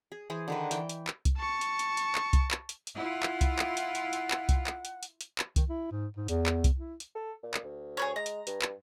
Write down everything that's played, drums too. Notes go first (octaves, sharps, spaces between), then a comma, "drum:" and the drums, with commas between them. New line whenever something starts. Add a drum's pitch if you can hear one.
G#4
E3 G#4 C5
D3 D#3 B4
E3 G5, drum: hi-hat
drum: hi-hat
drum: clap
drum: kick C2, hi-hat
A5 C#6
drum: hi-hat
drum: hi-hat
drum: hi-hat
drum: clap
drum: kick C2, hi-hat
drum: clap
drum: hi-hat
drum: hi-hat
E4 F4 F#5
drum: clap
drum: kick C2, hi-hat
drum: clap
drum: hi-hat
drum: hi-hat
drum: hi-hat
drum: clap
drum: kick C2, hi-hat
drum: clap
drum: hi-hat
drum: hi-hat
drum: hi-hat
drum: clap
D#3, drum: kick C2, hi-hat
E4
G#2
G#2
E2, drum: hi-hat
drum: clap
drum: kick C2, hi-hat
E4
drum: hi-hat
A4
A#2
drum: clap
D2
G#4 B4 C#5
G#3 A#5
drum: hi-hat
G2, drum: hi-hat
drum: clap